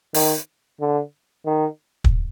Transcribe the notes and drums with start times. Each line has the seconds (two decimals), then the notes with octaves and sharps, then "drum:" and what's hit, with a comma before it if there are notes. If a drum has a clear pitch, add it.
0.14 D#3, drum: open hi-hat
0.80 D3
1.46 D#3
2.04 drum: kick